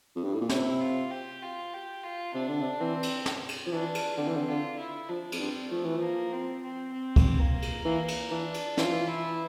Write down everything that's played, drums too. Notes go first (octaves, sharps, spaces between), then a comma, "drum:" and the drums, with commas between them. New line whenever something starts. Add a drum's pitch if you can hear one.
F2
G2
A2
A#2
C3 E4, drum: snare
F4
G4
F4
G4
F4
C3 D4
D3
C3
E3 C4
drum: cymbal
drum: snare
drum: cymbal
F3
E3 D4
drum: cymbal
D3 C4
E3
D3
D3 F4
E4
F3 D4
F2, drum: cymbal
G2 C4
F3 A3
E3
F3 A#3
C4
C4
C4
drum: kick, cymbal
A#3
drum: cymbal
E3 A#3
drum: cymbal
E3 D4
drum: cymbal
E3 F4, drum: snare
F3
E3
E4